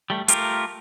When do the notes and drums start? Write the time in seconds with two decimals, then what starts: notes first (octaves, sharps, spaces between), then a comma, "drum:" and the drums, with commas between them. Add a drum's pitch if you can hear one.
0.10 G3 A3
0.28 A3 F4 G4 A#4, drum: hi-hat